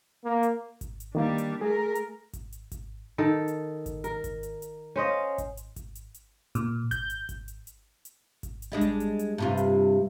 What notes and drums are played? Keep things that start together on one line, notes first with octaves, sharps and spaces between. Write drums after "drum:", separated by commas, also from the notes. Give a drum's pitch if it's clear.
A#3
drum: hi-hat
drum: kick G#1, hi-hat
drum: hi-hat
D#3 G3 A#3 D4
drum: hi-hat
A3 G#4 A#4
drum: hi-hat
drum: kick G#1, hi-hat
drum: hi-hat
drum: kick G#1, hi-hat
D#3 A4
drum: hi-hat
drum: kick G#1, hi-hat
A#4, drum: hi-hat
drum: kick G#1, hi-hat
drum: hi-hat
drum: hi-hat
C#4 C5 D#5 F5
drum: kick G#1, hi-hat
drum: hi-hat
drum: kick G#1, hi-hat
drum: hi-hat
drum: hi-hat
A#2, drum: hi-hat
G6, drum: kick G#1, hi-hat
drum: hi-hat
drum: kick G#1, hi-hat
drum: hi-hat
drum: hi-hat
drum: hi-hat
drum: kick G#1, hi-hat
drum: hi-hat
G3 G#3 D4
drum: kick G#1, hi-hat
drum: hi-hat
drum: hi-hat
G2 C3 F4
drum: hi-hat